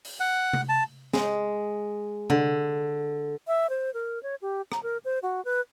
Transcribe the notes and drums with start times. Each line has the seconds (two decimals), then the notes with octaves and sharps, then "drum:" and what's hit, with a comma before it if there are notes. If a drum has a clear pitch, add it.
0.05 drum: open hi-hat
0.20 F#5
0.53 drum: tom C3
0.69 A5
1.13 G#3, drum: snare
2.30 D3, drum: tom C3
3.47 E5
3.69 C5
3.94 A#4
4.23 C#5
4.42 G4
4.72 A#5, drum: rim click
4.83 A#4
5.05 C5
5.22 F#4
5.45 B4